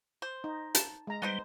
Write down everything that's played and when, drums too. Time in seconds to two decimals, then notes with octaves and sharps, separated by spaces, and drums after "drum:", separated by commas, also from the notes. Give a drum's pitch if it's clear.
0.22 C5
0.44 D#4
0.75 A5, drum: hi-hat
1.07 G#3 A#5
1.22 G3 B3 D#4 C5